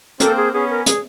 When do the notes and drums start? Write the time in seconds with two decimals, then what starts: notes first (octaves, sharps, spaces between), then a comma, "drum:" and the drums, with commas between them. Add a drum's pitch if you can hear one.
0.20 A#3 C4 A4, drum: hi-hat
0.37 G#4
0.53 B3 C#4 G#4
0.70 A#4
0.86 G#4, drum: hi-hat